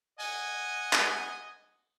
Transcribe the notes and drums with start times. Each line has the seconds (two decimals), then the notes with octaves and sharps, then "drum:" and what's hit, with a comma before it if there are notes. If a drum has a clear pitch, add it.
0.20 D#5 F#5 G#5, drum: open hi-hat
0.93 drum: clap